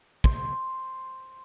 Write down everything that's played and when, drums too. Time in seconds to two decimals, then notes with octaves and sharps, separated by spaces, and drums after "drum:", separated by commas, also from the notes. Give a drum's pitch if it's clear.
0.24 C5, drum: kick